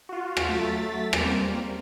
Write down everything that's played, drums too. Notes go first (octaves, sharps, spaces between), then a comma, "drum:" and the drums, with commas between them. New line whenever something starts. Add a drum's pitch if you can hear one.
F4 F#4
drum: rim click
F#3 A3 A6 B6
G3 A#3 C4, drum: rim click